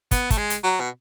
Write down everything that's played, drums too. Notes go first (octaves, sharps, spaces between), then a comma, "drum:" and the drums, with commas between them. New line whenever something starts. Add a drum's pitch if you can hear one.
B3, drum: kick, hi-hat
A3, drum: kick, hi-hat
G#3
drum: hi-hat
F#3
B2